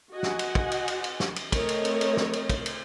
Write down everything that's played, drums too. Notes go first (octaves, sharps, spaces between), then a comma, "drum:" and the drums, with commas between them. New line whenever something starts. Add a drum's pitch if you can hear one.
F#4 D#5 F#5 G#5
drum: snare
drum: cymbal
drum: kick
drum: cymbal
drum: cymbal
drum: cymbal
drum: snare
drum: cymbal
A3 C4 A#4 C#5 D#5, drum: kick, cymbal
drum: cymbal
drum: cymbal
drum: cymbal
drum: snare
drum: cymbal
drum: kick, cymbal
drum: cymbal